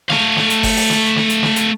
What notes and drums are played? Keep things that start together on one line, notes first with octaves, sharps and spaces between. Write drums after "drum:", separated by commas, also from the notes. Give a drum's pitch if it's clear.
A3 F5, drum: snare
drum: snare
drum: hi-hat
drum: kick F#1, open hi-hat
drum: open hi-hat
drum: snare
drum: snare
drum: hi-hat
drum: snare
drum: hi-hat